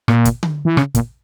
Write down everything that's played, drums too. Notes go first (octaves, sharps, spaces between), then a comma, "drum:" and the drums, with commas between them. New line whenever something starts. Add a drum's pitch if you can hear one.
A#2, drum: rim click
drum: kick, hi-hat
drum: tom D3
E3
C#3, drum: rim click
A#2, drum: kick, hi-hat